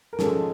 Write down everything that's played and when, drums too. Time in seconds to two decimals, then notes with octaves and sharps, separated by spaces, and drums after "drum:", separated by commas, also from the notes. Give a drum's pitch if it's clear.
0.13 A#4
0.19 G#2 F3 G#3 C#4 A4, drum: snare